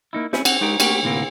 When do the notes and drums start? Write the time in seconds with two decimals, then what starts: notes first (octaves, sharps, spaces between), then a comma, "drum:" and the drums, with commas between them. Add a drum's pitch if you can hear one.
0.13 A#3 D#4 E4
0.33 C4 C#4 E4 G#4, drum: snare
0.45 C4 F#5, drum: cymbal
0.61 G#3 D#4 F#4 G4 A#4
0.80 A3 A#3 C4 F#4 G4 A#4, drum: cymbal
1.03 D2 A2 C3 A#3 B3